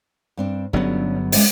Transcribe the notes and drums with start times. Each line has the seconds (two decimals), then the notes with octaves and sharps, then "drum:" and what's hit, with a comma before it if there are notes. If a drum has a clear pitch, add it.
0.37 G2 C4 D4
0.73 G1 F#3 B3 C#4 D4
1.32 G#3 C#4 D#5, drum: open hi-hat